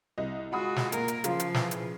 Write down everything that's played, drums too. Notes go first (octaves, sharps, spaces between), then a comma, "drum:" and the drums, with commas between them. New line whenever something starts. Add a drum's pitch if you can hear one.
C2 D#5
G#3 F4 F#4 F#5 B5 D#6
drum: snare
A#3 A#4, drum: hi-hat
drum: hi-hat
C#3 F3 F4, drum: hi-hat
drum: hi-hat
E3, drum: snare
drum: hi-hat